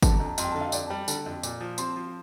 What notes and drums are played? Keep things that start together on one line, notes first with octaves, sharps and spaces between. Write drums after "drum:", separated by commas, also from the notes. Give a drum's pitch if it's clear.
D3 A5, drum: kick, tambourine
A#5
F2
A5
F2 C6, drum: tambourine
G5
D3 A5
F5
D#5
F2 D5, drum: tambourine
A5
G3 G5
D3 A5, drum: tambourine
F2
A#2, drum: tambourine
F3
C4 C6, drum: tambourine
F3